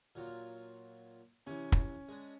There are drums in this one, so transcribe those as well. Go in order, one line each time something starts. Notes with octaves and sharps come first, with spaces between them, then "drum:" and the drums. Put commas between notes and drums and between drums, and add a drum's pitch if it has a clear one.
A#2 F#3 F4
C3 E3 C#4
drum: kick
G#3 D4